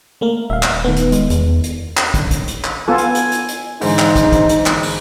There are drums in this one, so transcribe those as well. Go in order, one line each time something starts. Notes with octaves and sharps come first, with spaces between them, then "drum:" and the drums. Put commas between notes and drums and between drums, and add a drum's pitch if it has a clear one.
A3 A#3 A#4
D#1 E5 F5
drum: clap
D#3 A3 B3
drum: hi-hat
G#3, drum: hi-hat
E2, drum: hi-hat
drum: hi-hat
drum: clap
drum: kick, hi-hat
drum: kick, hi-hat
drum: hi-hat
drum: clap
B3 F4 A4 G#5
drum: hi-hat
drum: hi-hat
drum: hi-hat
drum: hi-hat
G#2 D3 E3 D#4 C5, drum: open hi-hat
drum: clap
drum: kick, hi-hat
drum: kick, hi-hat
drum: hi-hat
drum: clap
drum: open hi-hat